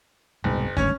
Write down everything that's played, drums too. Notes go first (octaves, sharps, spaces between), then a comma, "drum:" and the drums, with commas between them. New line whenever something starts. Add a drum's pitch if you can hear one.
F#1 C2 G#2 B2
G#1 D2 G2 C#4 C#5, drum: kick